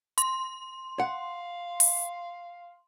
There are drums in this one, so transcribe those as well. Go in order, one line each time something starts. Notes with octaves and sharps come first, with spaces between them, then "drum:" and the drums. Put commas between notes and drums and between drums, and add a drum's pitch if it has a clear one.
C6, drum: hi-hat
F5 F#5
drum: open hi-hat